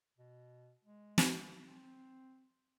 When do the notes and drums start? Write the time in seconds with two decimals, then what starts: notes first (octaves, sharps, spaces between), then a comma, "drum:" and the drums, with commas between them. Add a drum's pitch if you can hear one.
0.18 B2
0.84 G#3
1.18 drum: snare
1.67 C4